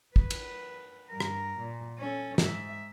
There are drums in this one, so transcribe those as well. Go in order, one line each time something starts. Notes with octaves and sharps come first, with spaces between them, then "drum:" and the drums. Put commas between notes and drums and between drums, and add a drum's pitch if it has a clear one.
B4, drum: kick
drum: cymbal
G2 A#4
drum: rim click
A#2
C#4 A4
G#2 E5, drum: snare